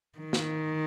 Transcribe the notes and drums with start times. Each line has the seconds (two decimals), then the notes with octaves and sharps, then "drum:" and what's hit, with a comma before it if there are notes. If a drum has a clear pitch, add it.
0.19 D#3
0.33 drum: snare